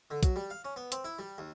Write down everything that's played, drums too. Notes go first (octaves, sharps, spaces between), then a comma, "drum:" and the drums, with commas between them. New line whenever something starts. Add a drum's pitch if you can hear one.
D3
F#3, drum: kick, hi-hat
G3
F5
C#4
B3
C4, drum: hi-hat
E4
G3
D#2